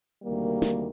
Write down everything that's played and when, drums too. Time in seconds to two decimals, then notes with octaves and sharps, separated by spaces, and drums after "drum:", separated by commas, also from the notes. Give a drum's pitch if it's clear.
0.23 D2 C3 D#3 G3 A#3
0.62 drum: snare